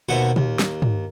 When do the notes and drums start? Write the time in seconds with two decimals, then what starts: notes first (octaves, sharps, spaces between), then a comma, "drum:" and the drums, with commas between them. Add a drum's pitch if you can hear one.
0.09 D#2 B2 A3 F#4 C5 C#6
0.36 D#2, drum: tom
0.59 drum: snare
0.82 drum: tom